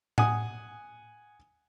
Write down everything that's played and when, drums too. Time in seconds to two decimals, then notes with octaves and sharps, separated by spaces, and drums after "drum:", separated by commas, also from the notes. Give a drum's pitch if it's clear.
0.18 F#5 G#5 D#6, drum: tom A2